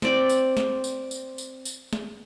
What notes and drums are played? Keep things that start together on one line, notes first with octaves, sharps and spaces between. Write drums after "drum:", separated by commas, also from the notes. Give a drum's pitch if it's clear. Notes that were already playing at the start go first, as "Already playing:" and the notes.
C4 D5 G5, drum: snare
drum: tambourine
drum: snare
drum: tambourine
drum: tambourine
drum: tambourine
drum: tambourine
drum: snare